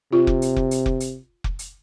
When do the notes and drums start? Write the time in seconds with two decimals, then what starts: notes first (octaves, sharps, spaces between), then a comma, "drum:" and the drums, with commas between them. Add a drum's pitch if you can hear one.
0.13 C3 F4
0.27 drum: kick F1
0.42 drum: hi-hat
0.56 drum: kick F1
0.71 drum: hi-hat
0.86 drum: kick F1
1.00 drum: hi-hat
1.44 drum: kick F1
1.59 drum: hi-hat